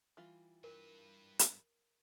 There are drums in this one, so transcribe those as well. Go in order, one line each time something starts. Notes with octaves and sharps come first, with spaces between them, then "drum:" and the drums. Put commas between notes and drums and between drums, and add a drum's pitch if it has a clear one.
E3 G3 F4
G2 A#4 B4
drum: hi-hat